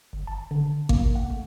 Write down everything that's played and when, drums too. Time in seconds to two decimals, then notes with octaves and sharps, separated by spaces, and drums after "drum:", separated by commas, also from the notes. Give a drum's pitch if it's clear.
0.13 G1
0.27 A5
0.51 D3
0.89 A#3, drum: kick G#1
1.15 F#5
1.30 A3